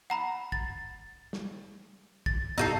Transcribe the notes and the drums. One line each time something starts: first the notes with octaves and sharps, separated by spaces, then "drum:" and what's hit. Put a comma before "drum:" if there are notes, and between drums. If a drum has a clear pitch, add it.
F#5 A#5 B5
A6, drum: kick
drum: snare
A6, drum: kick
D#4 F#4 A4 E6 G6 C7, drum: tom